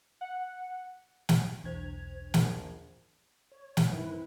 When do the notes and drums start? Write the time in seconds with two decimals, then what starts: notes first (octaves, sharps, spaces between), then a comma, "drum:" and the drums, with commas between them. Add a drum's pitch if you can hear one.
0.21 F#5
1.29 drum: snare
1.64 B1 E2 D4 C5 G#6 F7
2.34 A#1, drum: snare
3.51 C#5
3.77 drum: snare
3.91 G2 D#3 C4 E4 B4